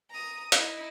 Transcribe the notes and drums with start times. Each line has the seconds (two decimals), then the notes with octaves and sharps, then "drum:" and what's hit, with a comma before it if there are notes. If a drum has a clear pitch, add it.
0.10 A#5 D#6
0.52 D#4 E4, drum: hi-hat